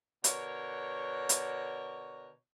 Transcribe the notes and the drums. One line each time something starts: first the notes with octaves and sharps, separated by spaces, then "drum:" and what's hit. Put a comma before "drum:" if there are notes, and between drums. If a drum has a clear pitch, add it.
B2 D3 A#4 C#5, drum: hi-hat
drum: hi-hat